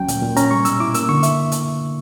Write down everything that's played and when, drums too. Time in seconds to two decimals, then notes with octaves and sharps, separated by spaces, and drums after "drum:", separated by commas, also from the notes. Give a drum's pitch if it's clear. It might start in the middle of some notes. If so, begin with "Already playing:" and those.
Already playing: D2 F#3 C#4 G5
0.08 A#2, drum: hi-hat
0.22 A#2
0.36 C#4 A#5, drum: hi-hat
0.51 G3 C#6
0.65 B2 E6, drum: hi-hat
0.80 E4 D6
0.94 A#3 E6, drum: hi-hat
1.09 D3 C#6
1.23 E5, drum: hi-hat
1.52 drum: hi-hat